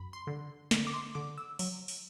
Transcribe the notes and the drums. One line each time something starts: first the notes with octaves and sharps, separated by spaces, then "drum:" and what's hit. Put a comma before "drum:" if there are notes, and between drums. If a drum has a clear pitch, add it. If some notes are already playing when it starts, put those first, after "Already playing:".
Already playing: F#2 B5
C6
D3
D3, drum: snare
D6
C6
D3 D6
E6
F#3, drum: open hi-hat
drum: open hi-hat